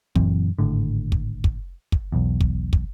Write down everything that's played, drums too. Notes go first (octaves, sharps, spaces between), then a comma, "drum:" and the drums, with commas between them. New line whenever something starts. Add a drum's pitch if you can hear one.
F#2 A#2 E3 C4, drum: kick
G#1 A2 D3
drum: kick
drum: kick
drum: kick
B1 E2
drum: kick
drum: kick